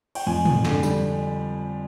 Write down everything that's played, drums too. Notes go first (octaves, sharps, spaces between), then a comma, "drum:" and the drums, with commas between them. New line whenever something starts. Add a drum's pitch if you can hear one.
G5, drum: cymbal
F2 G#5
F2, drum: tom
D3, drum: snare
G3, drum: tambourine